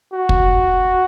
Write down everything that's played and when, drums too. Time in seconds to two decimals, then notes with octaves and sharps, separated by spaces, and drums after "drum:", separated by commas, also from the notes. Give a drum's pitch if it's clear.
0.14 F#4
0.29 drum: kick